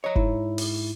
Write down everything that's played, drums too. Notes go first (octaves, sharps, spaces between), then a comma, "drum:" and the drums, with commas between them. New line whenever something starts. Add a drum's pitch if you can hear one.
C#5 D#5 A#5
G#2 E4, drum: kick F#1
drum: open hi-hat